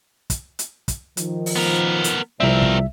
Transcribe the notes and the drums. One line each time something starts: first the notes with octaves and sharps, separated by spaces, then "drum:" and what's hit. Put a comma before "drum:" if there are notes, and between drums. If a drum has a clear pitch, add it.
drum: kick, hi-hat
drum: hi-hat
drum: kick, hi-hat
D#3 F3, drum: hi-hat
drum: open hi-hat
B3 A#4
drum: hi-hat
C2 B2 F3 C4 A#4 D5 E5
drum: kick